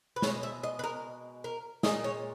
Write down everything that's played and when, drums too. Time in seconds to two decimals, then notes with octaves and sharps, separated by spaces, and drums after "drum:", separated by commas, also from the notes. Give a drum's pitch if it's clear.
0.16 B4
0.22 B2 G#3 C#5, drum: snare
0.43 E5
0.63 D#5
0.79 B4
0.84 A#4
1.44 A#4
1.83 A#2 G#3 D#5, drum: snare
2.04 C#5